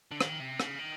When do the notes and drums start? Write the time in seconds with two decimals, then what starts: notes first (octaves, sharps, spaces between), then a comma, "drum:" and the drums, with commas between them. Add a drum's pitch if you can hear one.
0.11 D3
0.21 D#3, drum: rim click
0.40 C3
0.60 C#3, drum: rim click
0.79 D#3